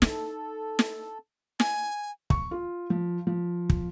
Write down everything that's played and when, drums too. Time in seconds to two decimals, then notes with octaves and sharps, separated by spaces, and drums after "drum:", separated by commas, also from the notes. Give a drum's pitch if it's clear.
0.02 D#4 A4, drum: snare
0.79 drum: snare
1.60 G#5, drum: snare
2.30 C#6, drum: kick
2.51 F4
2.90 F3
3.27 F3
3.70 drum: kick